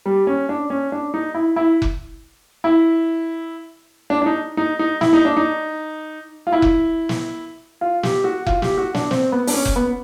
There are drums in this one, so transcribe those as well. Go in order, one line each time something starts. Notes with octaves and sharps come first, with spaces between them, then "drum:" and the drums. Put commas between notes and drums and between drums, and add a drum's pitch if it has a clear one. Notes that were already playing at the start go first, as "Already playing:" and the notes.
G3
C#4
D4
C#4
D4
D#4
E4
E4
drum: kick F1
E4
D4
D4
D#4
D#4
D#4
E4, drum: snare
D#4
D4
D#4
F4
E4
drum: kick F1
drum: snare
F4
G4, drum: snare
F#4
F4, drum: kick F1
G4, drum: snare
F#4
D4, drum: snare
C4, drum: snare
B3
D4, drum: open hi-hat
C#4
drum: kick F1
B3